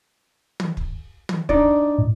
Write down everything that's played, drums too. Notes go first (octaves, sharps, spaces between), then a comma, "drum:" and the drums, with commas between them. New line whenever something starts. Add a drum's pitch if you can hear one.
drum: tom
drum: kick
drum: tom
D4 D#4 D5, drum: kick
A2